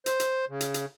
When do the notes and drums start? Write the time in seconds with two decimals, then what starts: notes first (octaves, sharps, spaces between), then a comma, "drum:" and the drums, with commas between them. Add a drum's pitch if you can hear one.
0.06 C5, drum: hi-hat
0.20 drum: hi-hat
0.49 C#3
0.61 drum: hi-hat
0.74 drum: hi-hat